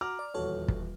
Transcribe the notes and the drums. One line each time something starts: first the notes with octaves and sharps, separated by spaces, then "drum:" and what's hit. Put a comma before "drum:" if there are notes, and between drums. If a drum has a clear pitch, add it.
F#4 A#5 D6 F6
D5
D#1 E2 F#4 A4 C#5
drum: kick